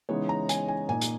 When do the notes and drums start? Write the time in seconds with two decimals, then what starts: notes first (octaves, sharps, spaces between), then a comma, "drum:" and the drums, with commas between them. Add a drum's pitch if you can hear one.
0.09 C#3 E3 G#3 B3 D#4 C#5
0.29 A#5
0.49 G#5, drum: hi-hat
0.68 G#5
0.88 A#2 A#3 D#4 G#5
1.01 drum: hi-hat